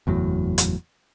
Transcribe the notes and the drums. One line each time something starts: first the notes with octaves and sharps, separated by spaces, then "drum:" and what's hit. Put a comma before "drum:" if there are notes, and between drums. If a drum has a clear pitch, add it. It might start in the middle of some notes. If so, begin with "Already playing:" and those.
F#1 E2 A2 F#3
drum: hi-hat